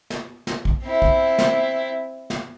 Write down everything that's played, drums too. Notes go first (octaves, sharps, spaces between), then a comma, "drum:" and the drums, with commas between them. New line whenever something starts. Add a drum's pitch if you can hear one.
drum: snare
drum: snare
drum: kick A#1
C4 E4
drum: kick A#1
drum: snare
drum: snare